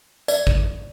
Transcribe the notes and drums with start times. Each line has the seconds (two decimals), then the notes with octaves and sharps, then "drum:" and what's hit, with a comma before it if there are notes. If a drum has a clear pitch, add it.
0.28 D5, drum: tambourine
0.47 drum: kick